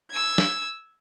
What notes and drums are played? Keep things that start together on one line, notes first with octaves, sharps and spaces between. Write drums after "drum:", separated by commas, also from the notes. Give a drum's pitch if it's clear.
E6 G#6
drum: snare